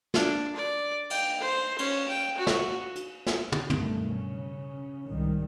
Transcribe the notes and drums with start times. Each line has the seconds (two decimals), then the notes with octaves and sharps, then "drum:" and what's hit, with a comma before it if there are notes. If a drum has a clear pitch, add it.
0.14 D4, drum: snare
0.56 D5
1.10 G5, drum: cymbal
1.40 C5
1.79 C#4, drum: cymbal
2.08 G5
2.38 F#4
2.47 drum: snare
2.96 drum: hi-hat
3.27 drum: snare
3.52 drum: tom
3.70 B1 G2 D#3 A3, drum: tom
4.14 C#3 C#4
5.09 C2 G#2 D#3 G3